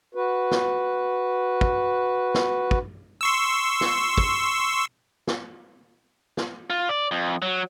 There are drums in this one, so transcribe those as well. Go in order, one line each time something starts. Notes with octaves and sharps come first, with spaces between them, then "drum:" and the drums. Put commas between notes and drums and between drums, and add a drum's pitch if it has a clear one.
F#4 B4
drum: snare
drum: kick
drum: snare
drum: kick
C6 C#6 E6
drum: snare
drum: kick
drum: snare
drum: snare
F4
D5
F2
F#3